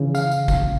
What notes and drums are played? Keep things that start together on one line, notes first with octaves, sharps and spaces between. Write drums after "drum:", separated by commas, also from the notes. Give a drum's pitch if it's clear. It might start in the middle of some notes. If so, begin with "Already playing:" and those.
Already playing: C#3 E3
F5, drum: tambourine
drum: tambourine
drum: kick A1, tambourine